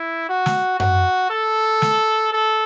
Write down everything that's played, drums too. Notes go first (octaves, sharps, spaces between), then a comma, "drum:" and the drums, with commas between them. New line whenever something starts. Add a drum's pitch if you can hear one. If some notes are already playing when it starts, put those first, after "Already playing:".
Already playing: E4
F#4
drum: snare
F#4, drum: tom F#2
A4
drum: snare
A4